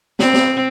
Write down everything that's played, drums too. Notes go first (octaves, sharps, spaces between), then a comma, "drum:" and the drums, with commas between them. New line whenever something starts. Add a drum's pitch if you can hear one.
C4, drum: snare
drum: snare